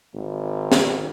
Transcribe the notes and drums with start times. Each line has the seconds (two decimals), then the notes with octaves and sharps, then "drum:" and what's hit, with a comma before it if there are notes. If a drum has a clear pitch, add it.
0.14 G#1
0.72 drum: snare